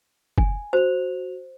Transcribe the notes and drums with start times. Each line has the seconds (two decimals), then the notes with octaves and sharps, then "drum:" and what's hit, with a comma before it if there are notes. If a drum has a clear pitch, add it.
0.38 G#5, drum: kick
0.73 F#4 C5 F7